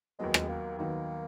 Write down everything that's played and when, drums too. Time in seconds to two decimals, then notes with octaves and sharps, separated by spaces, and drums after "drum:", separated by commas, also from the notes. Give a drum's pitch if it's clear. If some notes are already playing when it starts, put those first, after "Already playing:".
0.19 D#2 D#3 F#3 G#3 B3
0.34 drum: rim click
0.49 A#3
0.78 D#2 D#3 F#3 A#3 B3